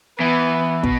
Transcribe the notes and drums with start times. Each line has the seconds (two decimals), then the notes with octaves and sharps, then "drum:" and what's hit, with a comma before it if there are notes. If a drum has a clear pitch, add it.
0.20 E3 B3
0.84 B2, drum: kick